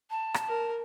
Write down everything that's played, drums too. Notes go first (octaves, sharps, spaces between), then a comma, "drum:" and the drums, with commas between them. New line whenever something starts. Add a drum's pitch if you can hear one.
A5
drum: rim click
A#4